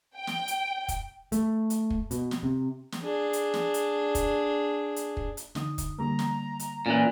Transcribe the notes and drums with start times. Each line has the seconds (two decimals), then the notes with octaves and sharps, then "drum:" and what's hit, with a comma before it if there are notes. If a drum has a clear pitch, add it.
0.15 G5
0.27 drum: snare
0.48 drum: hi-hat
0.88 drum: kick, hi-hat
1.32 A3, drum: hi-hat
1.70 drum: hi-hat
1.90 drum: kick
2.11 B2, drum: hi-hat
2.31 drum: snare
2.43 C3
2.92 drum: snare
3.02 D4 G#4
3.33 drum: hi-hat
3.54 drum: snare
3.74 drum: hi-hat
4.15 drum: kick, hi-hat
4.96 drum: hi-hat
5.17 drum: kick
5.37 drum: hi-hat
5.55 D3 D#4 D#6, drum: snare
5.78 drum: kick, hi-hat
5.99 D3 G3 A#3 A#5
6.19 drum: snare
6.60 drum: hi-hat
6.86 A#2 E3 C#4